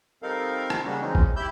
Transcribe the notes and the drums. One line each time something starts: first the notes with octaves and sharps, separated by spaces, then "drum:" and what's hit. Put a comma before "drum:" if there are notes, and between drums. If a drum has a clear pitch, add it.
G3 C4 D#4 A4 A#4 F5
drum: rim click
C#3 G3 A#3 C#4 D4 F#4
C#3 E3 G#3 C4 C#4 D#4
drum: kick
E4 G4 B5 E6 G6